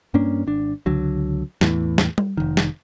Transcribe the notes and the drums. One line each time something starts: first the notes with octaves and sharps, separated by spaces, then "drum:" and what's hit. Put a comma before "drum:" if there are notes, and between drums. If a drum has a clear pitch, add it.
G2 A#3 C#4 D4
G#1 D4
C#2 D3 F#3
E2 A2 E3, drum: snare
drum: snare
drum: tom G3
F1 D#3
drum: snare